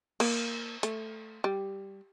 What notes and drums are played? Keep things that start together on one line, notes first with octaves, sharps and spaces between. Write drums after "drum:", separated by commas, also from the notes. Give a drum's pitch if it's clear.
A#3, drum: cymbal
A3, drum: hi-hat
G3